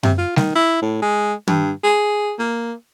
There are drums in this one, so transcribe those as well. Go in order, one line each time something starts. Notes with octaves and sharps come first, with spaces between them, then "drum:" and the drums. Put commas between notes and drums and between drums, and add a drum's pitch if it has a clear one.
C3, drum: tom F#2
F4
D#3, drum: snare G3
E4
A2
G#3
G2, drum: tom
G#4
A#3